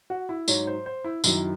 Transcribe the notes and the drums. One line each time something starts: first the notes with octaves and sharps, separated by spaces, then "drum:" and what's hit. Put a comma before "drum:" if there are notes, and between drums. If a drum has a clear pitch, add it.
F#4
E4
G#2 F#3 C#5, drum: tambourine
C5
C5
E4
F#2 D#3 F#3 E4, drum: tambourine